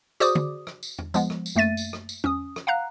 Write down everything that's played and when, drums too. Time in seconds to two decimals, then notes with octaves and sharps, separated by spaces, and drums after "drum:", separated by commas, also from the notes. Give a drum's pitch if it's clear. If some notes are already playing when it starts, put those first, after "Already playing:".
0.20 F#4 G#4 C5 D5 D6 D#6, drum: tambourine
0.35 drum: tom
0.67 drum: rim click
0.83 drum: tambourine
0.98 drum: tom
1.14 F3 G#3 B3, drum: tambourine
1.30 drum: rim click
1.46 drum: tambourine
1.56 F#2 A3 A#3 E5 A6 D#7
1.77 drum: tambourine
1.93 drum: rim click
2.09 drum: tambourine
2.24 C#4 D#6, drum: tom
2.56 drum: rim click
2.67 F5 F#5 A#5 F#6